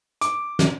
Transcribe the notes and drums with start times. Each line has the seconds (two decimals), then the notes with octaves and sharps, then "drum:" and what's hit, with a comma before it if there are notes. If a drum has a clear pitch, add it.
0.21 D6, drum: hi-hat
0.59 drum: snare